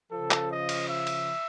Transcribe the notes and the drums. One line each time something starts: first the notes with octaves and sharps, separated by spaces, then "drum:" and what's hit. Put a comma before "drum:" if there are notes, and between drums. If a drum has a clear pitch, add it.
C#3 F3 A4
drum: clap
D#5
drum: cymbal
E5
drum: cymbal